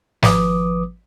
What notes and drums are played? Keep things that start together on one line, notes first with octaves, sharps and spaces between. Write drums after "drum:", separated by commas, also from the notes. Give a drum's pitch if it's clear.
G#1 F3 B4 D6 D#6, drum: snare